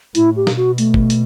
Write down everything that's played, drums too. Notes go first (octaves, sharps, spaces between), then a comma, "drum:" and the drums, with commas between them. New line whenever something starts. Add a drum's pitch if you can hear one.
A2 E4, drum: hi-hat
G4
B2, drum: snare
F#4
A3, drum: hi-hat
drum: kick
drum: hi-hat